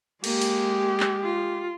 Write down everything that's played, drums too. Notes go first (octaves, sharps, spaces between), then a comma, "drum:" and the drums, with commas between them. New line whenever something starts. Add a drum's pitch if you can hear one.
G#3 A#3 G4, drum: cymbal
drum: cymbal
drum: clap
F4